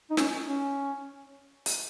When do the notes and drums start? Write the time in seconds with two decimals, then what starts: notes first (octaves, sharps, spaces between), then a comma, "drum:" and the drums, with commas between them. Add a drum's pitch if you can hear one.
0.10 D#4
0.17 C#4, drum: snare
0.44 C#4
1.66 drum: hi-hat